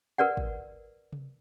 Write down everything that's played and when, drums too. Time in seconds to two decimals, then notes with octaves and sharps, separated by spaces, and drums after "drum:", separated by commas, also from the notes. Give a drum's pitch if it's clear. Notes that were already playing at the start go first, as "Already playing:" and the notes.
0.18 A#4 B4 D5 F#5
0.37 drum: kick
1.13 drum: tom C3